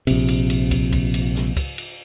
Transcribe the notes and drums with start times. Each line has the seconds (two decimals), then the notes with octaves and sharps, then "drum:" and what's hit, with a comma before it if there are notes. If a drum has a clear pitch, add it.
0.07 A#1 C3, drum: cymbal
0.28 drum: cymbal
0.50 drum: cymbal
0.71 drum: kick, cymbal
0.92 drum: kick, cymbal
1.14 drum: cymbal
1.35 drum: snare
1.57 drum: kick, cymbal
1.78 drum: cymbal